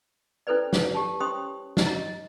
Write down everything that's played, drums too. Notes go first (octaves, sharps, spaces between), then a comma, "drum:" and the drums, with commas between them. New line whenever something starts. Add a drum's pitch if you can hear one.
C#4 E4 A4 B4 C5 D5
drum: snare
G4 A5
C#4 G4 C5 C#5 C6 D#6
drum: snare
D#5 A#5